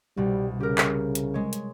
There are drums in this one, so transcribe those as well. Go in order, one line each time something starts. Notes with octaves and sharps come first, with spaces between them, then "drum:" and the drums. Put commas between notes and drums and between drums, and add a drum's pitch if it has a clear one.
C2 B2 G3
C#3 G4 A#4
drum: clap
drum: hi-hat
G#3 C#5
drum: hi-hat